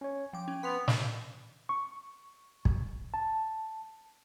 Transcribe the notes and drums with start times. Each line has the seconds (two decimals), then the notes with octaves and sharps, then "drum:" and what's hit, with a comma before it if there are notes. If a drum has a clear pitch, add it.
0.01 C#4 C#5
0.33 F3 G5 D6
0.48 C#4
0.63 B3 B5 C6 F7
0.88 drum: snare
1.69 C#6
2.65 drum: kick
3.14 A5